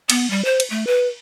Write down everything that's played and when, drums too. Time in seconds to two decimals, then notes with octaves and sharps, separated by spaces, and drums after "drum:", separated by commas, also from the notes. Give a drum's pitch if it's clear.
0.10 B3, drum: cymbal
0.30 G3
0.45 C5
0.60 drum: cymbal
0.70 A3
0.87 B4